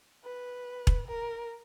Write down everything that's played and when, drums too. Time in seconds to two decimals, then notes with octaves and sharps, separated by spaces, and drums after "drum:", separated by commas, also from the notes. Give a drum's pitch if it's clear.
0.24 B4
0.87 drum: kick E1
1.07 A#4